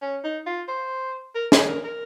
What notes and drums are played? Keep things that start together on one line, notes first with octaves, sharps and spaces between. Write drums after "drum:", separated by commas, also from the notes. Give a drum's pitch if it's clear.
C#4
D#4
F4
C5
A#4
G#4, drum: snare
A#4
A#4